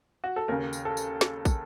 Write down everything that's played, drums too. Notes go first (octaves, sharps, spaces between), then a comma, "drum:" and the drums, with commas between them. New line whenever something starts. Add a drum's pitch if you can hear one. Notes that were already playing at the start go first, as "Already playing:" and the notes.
F#4
A4
D#2 C#3 A#4
drum: tambourine
A4
drum: tambourine
drum: snare
drum: kick, tambourine